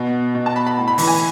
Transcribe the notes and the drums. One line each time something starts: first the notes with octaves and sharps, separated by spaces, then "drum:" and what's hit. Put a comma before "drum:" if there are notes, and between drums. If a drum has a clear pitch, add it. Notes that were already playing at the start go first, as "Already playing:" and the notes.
Already playing: B2
B2
A5
B5
B5
A2
B5
E3 B5, drum: open hi-hat
G#5